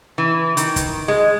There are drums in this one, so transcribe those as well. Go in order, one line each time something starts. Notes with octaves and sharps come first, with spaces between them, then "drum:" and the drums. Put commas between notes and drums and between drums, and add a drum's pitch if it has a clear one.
E3
D#3, drum: hi-hat
drum: kick, hi-hat
G#3